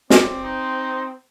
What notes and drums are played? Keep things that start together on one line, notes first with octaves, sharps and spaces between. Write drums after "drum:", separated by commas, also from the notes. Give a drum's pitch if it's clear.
C4 D5, drum: snare
D#4 C5